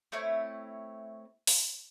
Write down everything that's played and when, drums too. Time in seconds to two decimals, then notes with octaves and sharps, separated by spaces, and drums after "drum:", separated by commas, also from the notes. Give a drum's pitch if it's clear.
0.12 A3 C4 E4 C#5
1.47 drum: open hi-hat